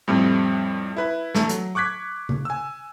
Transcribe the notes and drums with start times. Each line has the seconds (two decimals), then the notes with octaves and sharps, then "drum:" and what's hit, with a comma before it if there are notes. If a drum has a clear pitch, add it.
0.08 F2 A2 G3 C4
0.97 E4 B4 B5
1.34 E2 A3, drum: snare
1.49 F#3, drum: hi-hat
1.75 C#6 D6 F#6 G#6 B6
2.29 drum: tom C#3
2.45 G#5 E6